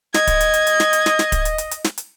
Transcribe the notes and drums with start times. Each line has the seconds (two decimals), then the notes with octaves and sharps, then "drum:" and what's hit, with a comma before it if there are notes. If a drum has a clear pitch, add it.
0.14 D#5 G#6, drum: snare
0.27 drum: kick, hi-hat
0.40 drum: hi-hat
0.54 drum: hi-hat
0.67 drum: hi-hat
0.80 drum: snare
0.93 drum: hi-hat
1.06 drum: snare
1.19 drum: snare
1.32 drum: kick, hi-hat
1.45 drum: hi-hat
1.58 drum: hi-hat
1.71 drum: hi-hat
1.84 drum: snare
1.98 drum: hi-hat